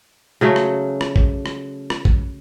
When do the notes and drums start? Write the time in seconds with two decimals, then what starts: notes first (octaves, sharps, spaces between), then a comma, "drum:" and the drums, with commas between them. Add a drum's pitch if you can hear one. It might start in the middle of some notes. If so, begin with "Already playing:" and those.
0.41 C#3 F#3 A3
0.56 drum: rim click
1.01 drum: rim click
1.16 drum: kick
1.46 drum: rim click
1.90 drum: rim click
2.05 drum: kick